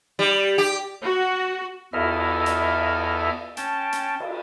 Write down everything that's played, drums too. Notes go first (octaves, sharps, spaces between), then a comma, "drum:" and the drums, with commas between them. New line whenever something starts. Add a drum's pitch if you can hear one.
G3
G4
F#4
E2 E4 A4 D#5 E5 F6, drum: cymbal
drum: hi-hat
C#4 G5 A5, drum: hi-hat
drum: hi-hat
drum: cymbal